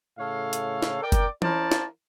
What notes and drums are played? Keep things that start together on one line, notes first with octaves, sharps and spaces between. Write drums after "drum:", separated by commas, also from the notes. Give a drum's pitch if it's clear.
A2 C#3 A4 C#5 F5
drum: hi-hat
drum: snare
A#4 D5 G5
drum: kick F#1, hi-hat
C#4 E4 A#4 C5 D5 A5, drum: tom E3
drum: snare